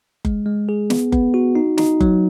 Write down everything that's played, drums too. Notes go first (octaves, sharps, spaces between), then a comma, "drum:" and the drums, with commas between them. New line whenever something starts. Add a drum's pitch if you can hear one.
G#3, drum: kick F#1
G#3
G#4
B3, drum: snare
B3, drum: kick F#1
F#4
D#4
D#4, drum: snare
F#3, drum: kick F#1